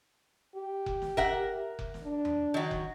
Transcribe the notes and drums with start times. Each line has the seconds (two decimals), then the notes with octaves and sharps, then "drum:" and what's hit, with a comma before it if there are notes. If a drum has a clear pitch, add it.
0.55 G4
0.86 drum: kick F1
1.02 drum: snare
1.17 A#4 E5 F#5, drum: kick F1
1.79 drum: kick F1
1.94 drum: snare
2.03 D4
2.25 drum: tom E2
2.54 D#3 F#3
2.71 drum: kick F1